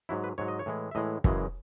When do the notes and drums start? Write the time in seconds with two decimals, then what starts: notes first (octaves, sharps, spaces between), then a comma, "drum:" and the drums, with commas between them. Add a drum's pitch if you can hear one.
0.09 G#2 F#3 E4
0.24 B4
0.38 G#2 F#3 C#5
0.48 D#5
0.59 C#5
0.66 A2 E3 G#3
0.91 E5
0.95 A2 E3 G#3 D#5
1.24 F#2 C#3 E3 G#3, drum: kick